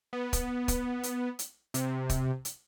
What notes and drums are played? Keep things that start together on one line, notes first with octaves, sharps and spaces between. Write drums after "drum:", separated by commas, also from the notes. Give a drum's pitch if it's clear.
B3
drum: kick, hi-hat
drum: kick, hi-hat
drum: hi-hat
drum: hi-hat
C3, drum: hi-hat
drum: kick, hi-hat
drum: hi-hat